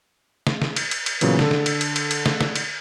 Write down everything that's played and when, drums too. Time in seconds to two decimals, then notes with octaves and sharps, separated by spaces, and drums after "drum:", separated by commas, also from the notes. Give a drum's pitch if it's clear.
0.47 drum: snare
0.62 drum: snare
0.76 drum: cymbal
0.91 drum: cymbal
1.06 drum: cymbal
1.21 A#2 C#3 E3 F#3 B3, drum: cymbal
1.39 D3 A4, drum: snare
1.51 drum: snare
1.66 drum: cymbal
1.81 drum: cymbal
1.96 drum: cymbal
2.11 drum: cymbal
2.26 drum: snare
2.41 drum: snare
2.55 drum: cymbal